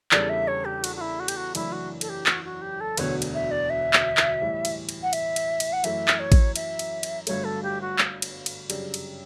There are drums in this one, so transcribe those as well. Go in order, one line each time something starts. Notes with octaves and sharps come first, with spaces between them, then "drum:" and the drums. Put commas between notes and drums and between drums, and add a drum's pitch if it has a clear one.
E2 C#3 G3 D4 A4 D5, drum: clap
E5
C#5
G4
F#4, drum: cymbal
F#4
E4
F#4
G4, drum: cymbal
F#4
F#1 F#2 E3 A3 D4 E4, drum: cymbal
F#4
A4, drum: cymbal
G4
F#4, drum: clap
F#4
G4
A4
E1 D2 D3 F#3 B3 C#5, drum: cymbal
drum: cymbal
E5
D5
E5
drum: clap
drum: clap
A2 E3 G3
drum: cymbal
drum: cymbal
F#5
E5, drum: cymbal
drum: cymbal
drum: cymbal
F#5
F#2 E3 A3 E5, drum: cymbal
drum: clap
C#5
drum: kick A1, cymbal
E5, drum: cymbal
drum: cymbal
drum: cymbal
G1 G2 F#3 A3 C#5, drum: cymbal
A4
G4
F#4
drum: clap
drum: cymbal
drum: cymbal
F#2 C#3 G3 D4 G4, drum: cymbal
drum: cymbal